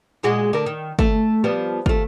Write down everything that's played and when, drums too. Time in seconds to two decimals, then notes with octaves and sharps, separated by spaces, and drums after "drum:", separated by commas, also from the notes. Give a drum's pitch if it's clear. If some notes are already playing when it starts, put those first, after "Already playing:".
0.23 A#2 G#3 F#4
0.53 D3 A#4
0.66 D#3
0.99 A3, drum: kick
1.44 F3 G3 B3
1.86 A3 F4, drum: kick